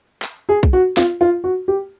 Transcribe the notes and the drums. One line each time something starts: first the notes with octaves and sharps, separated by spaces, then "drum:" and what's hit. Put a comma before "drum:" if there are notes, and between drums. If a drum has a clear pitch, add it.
drum: clap
G#4
drum: kick B1
F#4
F4, drum: snare
F4
F#4
G4